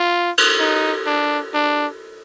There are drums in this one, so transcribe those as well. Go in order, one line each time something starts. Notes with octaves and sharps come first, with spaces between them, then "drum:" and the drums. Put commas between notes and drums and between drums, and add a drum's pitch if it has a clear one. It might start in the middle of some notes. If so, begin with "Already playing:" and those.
Already playing: F4
drum: cymbal
D#4
D4
D4